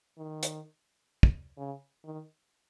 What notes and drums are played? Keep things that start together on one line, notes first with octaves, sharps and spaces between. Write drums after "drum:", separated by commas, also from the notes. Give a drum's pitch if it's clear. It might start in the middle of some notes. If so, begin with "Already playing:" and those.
D#3
drum: hi-hat
drum: kick
C#3
D#3